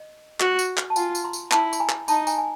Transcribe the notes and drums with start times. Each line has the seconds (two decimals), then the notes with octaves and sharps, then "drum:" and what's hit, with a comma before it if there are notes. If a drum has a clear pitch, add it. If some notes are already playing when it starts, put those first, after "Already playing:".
Already playing: D#5
0.40 F#4, drum: clap
0.59 drum: tambourine
0.77 drum: clap
0.90 A5
0.96 F4 F#5 G#5, drum: tambourine
1.15 drum: tambourine
1.24 A#5 C6
1.33 drum: tambourine
1.51 E4 A5 B5, drum: clap
1.73 B5, drum: tambourine
1.80 G#5 A#5
1.89 drum: clap
2.08 D#4 A5 B5, drum: tambourine
2.27 G#5 A#5, drum: tambourine
2.38 G#5